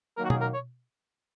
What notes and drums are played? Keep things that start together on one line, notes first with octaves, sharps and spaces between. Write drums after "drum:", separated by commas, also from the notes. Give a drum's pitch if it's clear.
D#3 F#3 A#3 A#4
F#4
G#4, drum: tom B2
A#4
C#5